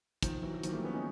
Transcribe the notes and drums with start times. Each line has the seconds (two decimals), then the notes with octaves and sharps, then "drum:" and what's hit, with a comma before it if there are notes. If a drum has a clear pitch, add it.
0.22 D#3 F3, drum: kick, hi-hat
0.42 E3 F#3
0.54 F#3
0.63 D#3 F3, drum: hi-hat
0.69 A#3
0.73 G3 A3
0.83 B3 C#4
0.94 C#4 D#4